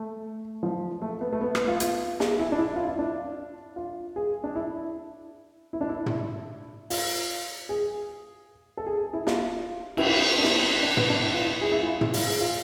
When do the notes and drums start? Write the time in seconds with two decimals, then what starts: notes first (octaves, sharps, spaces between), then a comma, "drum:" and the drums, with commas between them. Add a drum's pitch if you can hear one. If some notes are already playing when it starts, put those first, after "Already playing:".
Already playing: A3
0.63 F3
1.02 A3
1.21 B3
1.33 A3
1.41 B3
1.55 B3, drum: rim click
1.68 F4
1.80 F4, drum: hi-hat
2.20 G#4, drum: snare
2.39 E4
2.52 D4
2.59 E4
2.76 F4
2.87 E4
2.99 D4
3.76 F4
4.16 G#4
4.44 D4
4.55 E4
5.73 E4
5.81 D4
5.89 E4
6.06 drum: tom
6.90 F4, drum: open hi-hat
7.69 G#4
8.77 A4
8.86 G#4
9.13 E4
9.27 F4, drum: snare
9.97 E4, drum: cymbal
10.05 F4
10.38 D4
10.44 E4, drum: snare
10.83 D4
10.97 B3, drum: tom
11.10 D4
11.22 E4
11.33 F4
11.45 E4
11.61 G#4
11.72 E4
11.81 F4
12.01 E4, drum: tom
12.13 F4, drum: open hi-hat
12.27 G#4
12.40 F4